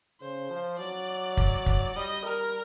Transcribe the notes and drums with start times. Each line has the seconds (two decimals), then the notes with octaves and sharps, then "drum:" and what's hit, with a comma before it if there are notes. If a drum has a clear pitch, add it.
0.21 C#3 C5
0.50 F3
0.79 F#3 D5
1.37 drum: kick
1.66 drum: kick
1.96 G3 D#5
2.24 G3 A#4